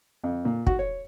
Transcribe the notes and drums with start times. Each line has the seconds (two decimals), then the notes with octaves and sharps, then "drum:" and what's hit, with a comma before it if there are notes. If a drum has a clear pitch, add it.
0.24 F2
0.45 A#2
0.66 F#4, drum: kick
0.79 C#5